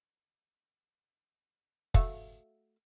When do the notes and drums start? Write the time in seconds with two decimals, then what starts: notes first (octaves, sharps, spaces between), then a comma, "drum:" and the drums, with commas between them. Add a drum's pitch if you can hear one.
1.94 A3 F#4 F5, drum: kick